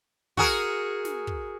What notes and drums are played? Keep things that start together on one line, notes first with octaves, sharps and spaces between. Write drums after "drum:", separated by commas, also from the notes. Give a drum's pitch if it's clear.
F#4 G#4 A#4, drum: kick
drum: snare
drum: kick